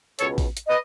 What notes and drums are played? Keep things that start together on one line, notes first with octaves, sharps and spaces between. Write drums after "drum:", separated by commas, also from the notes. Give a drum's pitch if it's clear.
C#2 B2 A4 C#5, drum: hi-hat
drum: kick A1, open hi-hat
drum: hi-hat
B4 D#5